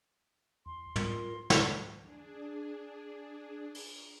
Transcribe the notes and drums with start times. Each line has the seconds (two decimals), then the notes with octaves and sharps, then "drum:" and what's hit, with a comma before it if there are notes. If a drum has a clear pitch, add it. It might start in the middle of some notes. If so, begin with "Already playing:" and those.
0.66 E2 C6
0.96 F4 A#4, drum: tom
1.50 drum: snare
2.00 D4 G#4
3.75 drum: open hi-hat